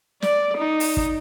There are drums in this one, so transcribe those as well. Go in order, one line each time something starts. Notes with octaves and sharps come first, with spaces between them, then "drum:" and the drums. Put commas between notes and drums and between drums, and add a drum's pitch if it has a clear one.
D5, drum: snare
D#4
drum: open hi-hat
drum: kick